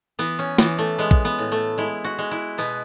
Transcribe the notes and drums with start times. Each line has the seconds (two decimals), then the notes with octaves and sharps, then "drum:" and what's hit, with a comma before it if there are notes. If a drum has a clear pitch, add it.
0.19 E3 B3
0.39 C#4
0.58 E3 B3, drum: snare
0.78 A3
0.98 G#3 B3
1.11 drum: kick
1.25 B3
1.38 A2
1.52 A3
1.78 G#3 E4
2.04 F#4
2.18 G#3
2.31 E4
2.58 B2 B3